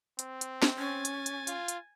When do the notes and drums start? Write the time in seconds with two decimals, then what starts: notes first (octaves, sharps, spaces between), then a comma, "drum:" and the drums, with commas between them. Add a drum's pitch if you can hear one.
0.19 C4, drum: hi-hat
0.41 drum: hi-hat
0.62 drum: snare
0.78 C#4 G#5 A6
1.05 drum: hi-hat
1.26 drum: hi-hat
1.47 F4, drum: hi-hat
1.68 drum: hi-hat